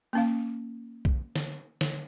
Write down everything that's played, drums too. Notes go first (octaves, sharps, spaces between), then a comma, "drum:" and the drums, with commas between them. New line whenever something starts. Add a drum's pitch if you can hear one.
A#3 C#4 F5
drum: kick B1
drum: snare
drum: snare